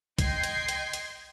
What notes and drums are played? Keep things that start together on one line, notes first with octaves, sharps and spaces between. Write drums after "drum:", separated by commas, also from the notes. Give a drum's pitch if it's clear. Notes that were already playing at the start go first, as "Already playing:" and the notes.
D#5 G5 C6 G6 G#6 C7, drum: kick, hi-hat
drum: hi-hat
drum: hi-hat
drum: hi-hat